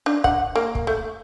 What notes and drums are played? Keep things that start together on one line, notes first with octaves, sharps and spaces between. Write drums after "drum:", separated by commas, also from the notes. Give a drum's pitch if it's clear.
D4
F#5, drum: kick
A#3
drum: kick
A3